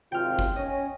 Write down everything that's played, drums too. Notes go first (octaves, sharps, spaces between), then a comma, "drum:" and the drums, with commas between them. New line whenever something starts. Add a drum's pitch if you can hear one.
G#1 C3 F4 G5 F6
drum: kick
C#4 D#5